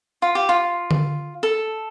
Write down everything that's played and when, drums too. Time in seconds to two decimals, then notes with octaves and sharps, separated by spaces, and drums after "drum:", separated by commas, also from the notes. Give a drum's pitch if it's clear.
0.22 F4
0.35 G4
0.49 F4
0.91 drum: tom D3
1.43 A4